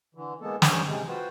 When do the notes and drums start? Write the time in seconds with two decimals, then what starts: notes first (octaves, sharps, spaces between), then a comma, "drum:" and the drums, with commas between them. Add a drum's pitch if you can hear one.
0.15 D3 E3
0.41 G#3 A#3 B3 A4
0.62 G2 C#4 C5 C#5 G#5, drum: snare
0.85 C3 G#3
1.09 F4 F#4 B4 C5 F#5 G5